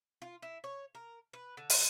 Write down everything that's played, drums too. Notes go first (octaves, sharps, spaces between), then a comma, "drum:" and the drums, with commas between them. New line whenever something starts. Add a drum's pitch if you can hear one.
F4
E4
C#5
A#4
B4
D3
drum: open hi-hat